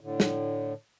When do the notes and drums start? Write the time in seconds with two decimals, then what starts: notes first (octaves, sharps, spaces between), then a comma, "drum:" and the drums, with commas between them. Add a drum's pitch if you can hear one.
0.01 A2 D3
0.20 drum: snare